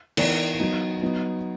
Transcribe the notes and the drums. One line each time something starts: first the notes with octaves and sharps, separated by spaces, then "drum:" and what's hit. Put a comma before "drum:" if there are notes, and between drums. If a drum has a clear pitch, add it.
E3 B3 D#4 A#4, drum: cymbal
F#3 B3 D#4
F#3 B3 D#4